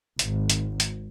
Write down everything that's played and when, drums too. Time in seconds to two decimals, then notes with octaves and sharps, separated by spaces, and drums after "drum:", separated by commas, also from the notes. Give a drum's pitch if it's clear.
0.19 G#1, drum: hi-hat
0.50 drum: hi-hat
0.80 drum: hi-hat